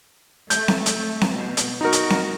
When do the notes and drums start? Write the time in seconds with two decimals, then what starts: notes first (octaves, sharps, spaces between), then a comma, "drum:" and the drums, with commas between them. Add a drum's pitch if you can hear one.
0.50 A3 G6, drum: hi-hat
0.68 drum: snare C4
0.86 drum: hi-hat
1.21 drum: snare C4
1.34 B2
1.57 drum: hi-hat
1.81 D#4 F#4 A#4
1.93 drum: hi-hat
2.10 drum: snare C4